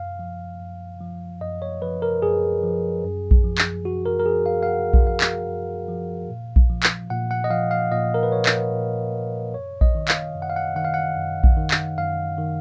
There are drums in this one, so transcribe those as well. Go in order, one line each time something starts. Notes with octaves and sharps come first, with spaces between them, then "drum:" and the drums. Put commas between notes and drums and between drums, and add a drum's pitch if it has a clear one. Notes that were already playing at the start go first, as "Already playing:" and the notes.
Already playing: F#2 F5
F3
F#2
F3
F#2 D#5
C#5
F3 B4
A#4
F#2 G#4
F3
F#2
drum: kick A#1
F3
drum: clap
F#2 F#4
A#4
A#4
F3 G#4
F5
F5
F#2 F#5
drum: kick A#1
F3 F5
drum: clap
F#2
F3
A#2
drum: kick A#1
F3
drum: clap
A#2 F#5
F#5
D#5
F3 F5
F5
A#2 D#5
A#4
B4
F3 C#5
drum: clap
A#2
F3
F#2 C#5
D#5, drum: kick A#1
D#3
F5, drum: clap
F#2
F#5
F5
F#5
D#3 F#5
F5
F#5
F#2
drum: kick A#1
D#3
drum: clap
F#2 F5
D#3